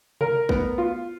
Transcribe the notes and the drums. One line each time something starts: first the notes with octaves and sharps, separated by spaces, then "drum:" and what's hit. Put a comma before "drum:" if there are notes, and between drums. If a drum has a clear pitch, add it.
A#4, drum: tom C3
B3, drum: kick
F4